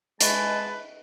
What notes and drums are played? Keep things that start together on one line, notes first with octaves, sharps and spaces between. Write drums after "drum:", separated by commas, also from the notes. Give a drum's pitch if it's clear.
G#3 B4 D#5 E5 A5 C#6, drum: hi-hat